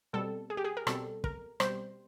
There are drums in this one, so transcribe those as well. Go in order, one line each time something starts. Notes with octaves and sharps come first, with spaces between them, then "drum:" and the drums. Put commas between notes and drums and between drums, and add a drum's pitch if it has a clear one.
B2 G3 C4 A4
G#4
G4
G#4
A#4
B2 G3 C4 A4, drum: rim click
A#4, drum: kick
B2 G3 C4 C5, drum: rim click